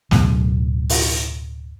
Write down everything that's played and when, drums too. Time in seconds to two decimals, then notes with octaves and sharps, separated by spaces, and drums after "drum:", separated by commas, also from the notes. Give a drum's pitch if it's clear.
0.11 D1 F#2 B2 C#4, drum: snare
0.89 drum: open hi-hat